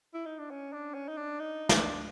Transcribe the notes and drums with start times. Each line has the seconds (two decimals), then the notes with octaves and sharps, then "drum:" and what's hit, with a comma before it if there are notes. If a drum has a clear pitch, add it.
0.14 E4
0.26 D#4
0.38 D4
0.51 C#4
0.73 D4
0.94 C#4
1.08 D#4
1.17 D4
1.40 D#4
1.69 D4, drum: snare